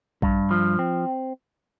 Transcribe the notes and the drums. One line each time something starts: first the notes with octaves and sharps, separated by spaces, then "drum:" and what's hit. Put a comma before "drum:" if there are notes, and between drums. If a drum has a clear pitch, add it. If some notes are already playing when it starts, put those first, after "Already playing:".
G2, drum: kick
F3
C4